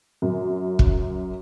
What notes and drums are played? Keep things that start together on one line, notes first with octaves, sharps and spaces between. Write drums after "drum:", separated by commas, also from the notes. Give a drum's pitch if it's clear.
F#2
drum: kick